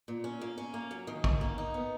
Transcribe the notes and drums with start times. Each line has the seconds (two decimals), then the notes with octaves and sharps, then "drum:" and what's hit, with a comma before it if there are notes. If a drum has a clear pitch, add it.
0.08 A#2
0.24 C#4
0.41 A#3
0.58 C#4
0.74 A#3
0.91 F#3
1.07 D#3
1.24 C#4, drum: kick
1.41 A#3
1.58 D#4
1.74 B3